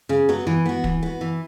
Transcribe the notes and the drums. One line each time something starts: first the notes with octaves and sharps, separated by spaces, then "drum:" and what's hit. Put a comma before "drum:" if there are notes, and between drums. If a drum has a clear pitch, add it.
C#3
F#3 B3
E3
B3 F#4
E3, drum: kick
B3 F#4
E3